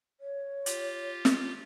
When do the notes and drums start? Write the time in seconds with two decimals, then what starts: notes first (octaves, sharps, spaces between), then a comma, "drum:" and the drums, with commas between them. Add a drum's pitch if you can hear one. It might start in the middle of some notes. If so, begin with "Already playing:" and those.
0.20 C#5
0.66 F4 G4, drum: hi-hat
1.25 drum: snare